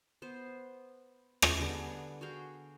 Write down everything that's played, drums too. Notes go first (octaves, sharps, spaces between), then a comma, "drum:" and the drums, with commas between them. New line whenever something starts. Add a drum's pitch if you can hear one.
B3 C5
drum: rim click
D3 G3 B3 G#4
F#4 G#4 F5 G5